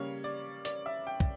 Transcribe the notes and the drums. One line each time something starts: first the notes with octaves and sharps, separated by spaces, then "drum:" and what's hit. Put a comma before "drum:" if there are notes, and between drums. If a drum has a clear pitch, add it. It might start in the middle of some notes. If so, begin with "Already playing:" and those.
Already playing: C#3 G3 A#3 C#5
D5
D5, drum: hi-hat
E5
G5
drum: kick